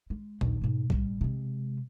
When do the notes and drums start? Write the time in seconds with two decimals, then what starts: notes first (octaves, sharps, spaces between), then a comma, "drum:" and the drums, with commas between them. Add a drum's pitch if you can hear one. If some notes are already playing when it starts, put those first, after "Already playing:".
0.10 G#3
0.41 A#1 D#2, drum: tom A#2
0.61 G#2 B2
0.90 A1 G3, drum: kick B1
1.21 C3 G#3